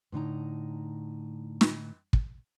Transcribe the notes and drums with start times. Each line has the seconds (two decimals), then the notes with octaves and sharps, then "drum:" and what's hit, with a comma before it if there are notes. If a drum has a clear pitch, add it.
0.12 A2 D3 D#4 A#5
1.61 drum: snare
2.13 drum: kick